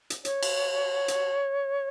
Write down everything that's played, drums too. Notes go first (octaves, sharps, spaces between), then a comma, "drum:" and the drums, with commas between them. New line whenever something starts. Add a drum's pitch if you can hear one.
drum: hi-hat
C#5, drum: hi-hat
drum: cymbal
drum: hi-hat